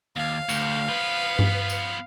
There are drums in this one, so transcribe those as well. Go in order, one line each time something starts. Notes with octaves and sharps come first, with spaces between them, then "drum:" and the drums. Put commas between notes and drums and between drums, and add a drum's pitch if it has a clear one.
D#2 F5
D2 F#4 G4, drum: tambourine
F3 B3 B4
drum: tom G2
drum: tambourine